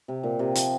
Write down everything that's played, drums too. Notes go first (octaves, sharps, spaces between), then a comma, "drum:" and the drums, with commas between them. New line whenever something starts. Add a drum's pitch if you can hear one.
C3
A#2
C3
F3, drum: hi-hat